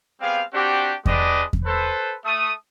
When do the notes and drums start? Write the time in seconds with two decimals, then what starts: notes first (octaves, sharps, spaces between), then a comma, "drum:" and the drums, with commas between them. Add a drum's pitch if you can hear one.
0.21 G3 B3 C4 G#4 F5
0.54 C4 D4 F#4 G4
1.06 G#3 D4 G4 B4 D5 D#5, drum: kick E2
1.53 drum: kick E2
1.65 A4 B4 C5
2.24 A3 D#6